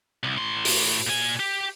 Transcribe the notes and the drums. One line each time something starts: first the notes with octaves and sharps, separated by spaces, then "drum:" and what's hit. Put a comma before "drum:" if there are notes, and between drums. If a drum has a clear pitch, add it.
C2
A2 C6
drum: open hi-hat
A#2 G#5
G4